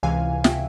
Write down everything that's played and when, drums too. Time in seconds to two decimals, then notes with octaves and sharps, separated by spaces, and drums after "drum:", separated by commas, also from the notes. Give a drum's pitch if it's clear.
0.03 C#2 C3 E3 F5 G#5
0.44 E5 G5, drum: snare